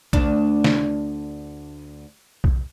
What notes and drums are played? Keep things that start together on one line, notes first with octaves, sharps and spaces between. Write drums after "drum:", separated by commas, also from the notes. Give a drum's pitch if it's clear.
D2 D4, drum: kick B1
drum: snare
drum: kick B1